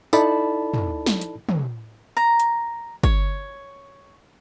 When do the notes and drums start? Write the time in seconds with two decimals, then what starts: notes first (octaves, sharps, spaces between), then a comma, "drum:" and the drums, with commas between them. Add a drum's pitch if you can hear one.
0.13 D#4 E4 A4 D5 A5 B5, drum: tambourine
0.74 drum: tom
1.06 drum: snare
1.21 drum: hi-hat
1.49 drum: tom
2.17 A#5
2.40 drum: hi-hat
3.03 C#5, drum: kick G1